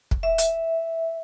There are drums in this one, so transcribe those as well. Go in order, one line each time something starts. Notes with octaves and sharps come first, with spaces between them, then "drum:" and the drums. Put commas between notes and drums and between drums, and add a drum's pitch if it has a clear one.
drum: kick
E5
drum: hi-hat